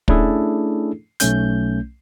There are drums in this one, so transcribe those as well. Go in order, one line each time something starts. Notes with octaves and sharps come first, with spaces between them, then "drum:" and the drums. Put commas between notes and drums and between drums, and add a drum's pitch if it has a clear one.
A3 C#4 D4 E4 G#4 A4, drum: kick
B1 A3 C#4 G6, drum: hi-hat